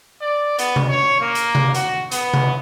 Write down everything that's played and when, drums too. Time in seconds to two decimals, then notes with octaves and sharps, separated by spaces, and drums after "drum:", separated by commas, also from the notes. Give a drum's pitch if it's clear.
0.21 D5
0.59 B3, drum: hi-hat
0.76 drum: tom C3
0.89 C#5
1.21 A#3
1.35 drum: hi-hat
1.55 drum: tom C3
1.74 F#4, drum: hi-hat
2.11 B3, drum: hi-hat
2.34 drum: tom C3